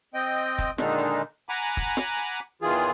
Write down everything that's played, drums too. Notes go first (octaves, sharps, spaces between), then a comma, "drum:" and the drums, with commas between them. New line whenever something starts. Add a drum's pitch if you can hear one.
C4 D#5 G5
drum: kick, hi-hat
A#2 D3 D#3 G#3 D4 D#4, drum: snare
drum: hi-hat
F#5 G#5 A#5 B5 D6
drum: kick, hi-hat
drum: snare
drum: hi-hat
E2 D#3 E3 F4 G#4